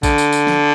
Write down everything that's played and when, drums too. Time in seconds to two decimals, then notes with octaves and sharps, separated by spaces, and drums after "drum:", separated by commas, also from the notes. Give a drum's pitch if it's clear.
0.03 D3, drum: kick A#1, tambourine
0.18 drum: tambourine
0.33 drum: tambourine
0.47 drum: snare